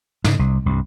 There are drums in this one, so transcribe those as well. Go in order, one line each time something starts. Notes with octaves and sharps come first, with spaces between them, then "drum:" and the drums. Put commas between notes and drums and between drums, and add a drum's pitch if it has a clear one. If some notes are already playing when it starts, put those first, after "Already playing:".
G#2 C#3, drum: snare
C2
C2 G2